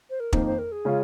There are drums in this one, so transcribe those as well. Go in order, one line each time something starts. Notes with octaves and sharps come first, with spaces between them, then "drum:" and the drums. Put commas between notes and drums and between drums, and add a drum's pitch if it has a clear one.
C5
A#4
F2 D#3 A#3 D#4 C5, drum: kick
C5
A#4
G#4
C#3 G#3 C#4 F4